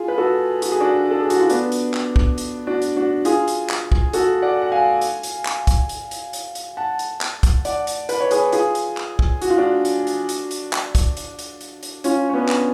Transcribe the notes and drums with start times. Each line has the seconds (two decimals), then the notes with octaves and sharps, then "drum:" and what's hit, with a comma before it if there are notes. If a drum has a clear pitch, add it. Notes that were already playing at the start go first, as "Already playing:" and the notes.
Already playing: F4 G#4
0.08 B4
0.18 F#4 A4
0.62 F#4, drum: hi-hat
0.72 G#4
0.81 D4 F#4
1.11 A4
1.21 G#4
1.30 F#4, drum: hi-hat
1.40 F4
1.50 B3 D4, drum: hi-hat
1.72 drum: hi-hat
1.94 drum: clap
2.16 drum: kick
2.38 drum: hi-hat
2.67 D4 F#4
2.82 drum: hi-hat
2.97 D4 F#4
3.25 F4 G#4, drum: hi-hat
3.48 drum: hi-hat
3.70 drum: clap
3.92 drum: kick
4.13 F#4 A4, drum: hi-hat
4.42 D5 F#5
4.62 F#5
4.72 F5 G#5
5.01 drum: hi-hat
5.23 drum: hi-hat
5.45 drum: clap
5.67 drum: kick, hi-hat
5.89 drum: hi-hat
6.11 drum: hi-hat
6.33 drum: hi-hat
6.55 drum: hi-hat
6.77 F#5 A5
6.99 drum: hi-hat
7.21 drum: clap
7.43 drum: kick, hi-hat
7.65 D5 F#5, drum: hi-hat
7.87 drum: hi-hat
8.09 B4, drum: hi-hat
8.20 C#5
8.31 G#4 B4, drum: hi-hat
8.52 F4 G#4, drum: hi-hat
8.75 drum: hi-hat
8.97 drum: clap
9.19 drum: kick
9.42 F#4, drum: hi-hat
9.50 F4
9.58 D4 F#4
9.85 drum: hi-hat
10.07 drum: hi-hat
10.29 drum: hi-hat
10.51 drum: hi-hat
10.73 drum: clap
10.95 drum: kick, hi-hat
11.17 drum: hi-hat
11.39 drum: hi-hat
11.61 drum: hi-hat
11.83 drum: hi-hat
12.04 C#4 F4, drum: hi-hat
12.30 C#4
12.33 B3 D4
12.49 drum: clap